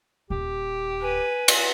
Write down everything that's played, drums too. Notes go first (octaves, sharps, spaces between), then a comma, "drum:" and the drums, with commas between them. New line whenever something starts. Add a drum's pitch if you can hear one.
D#1 G4
B4 G#5
drum: cymbal